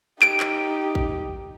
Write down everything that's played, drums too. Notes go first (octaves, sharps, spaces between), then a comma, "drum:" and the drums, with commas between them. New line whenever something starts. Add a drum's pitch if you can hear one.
D#4 G4 D7, drum: clap
drum: clap
drum: kick A1